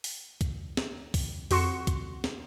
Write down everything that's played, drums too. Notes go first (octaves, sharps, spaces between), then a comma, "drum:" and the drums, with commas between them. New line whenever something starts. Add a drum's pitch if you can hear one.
drum: open hi-hat
drum: kick, hi-hat
drum: snare
drum: kick, open hi-hat
F2 F#4 C6 C#6 C#7 E7, drum: open hi-hat
drum: kick, hi-hat
drum: snare